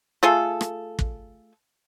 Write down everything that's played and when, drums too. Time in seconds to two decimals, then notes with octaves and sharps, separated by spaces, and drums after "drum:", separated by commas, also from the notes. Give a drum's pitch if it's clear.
0.23 A3 F4 G#4 A4
0.61 drum: rim click
0.99 drum: kick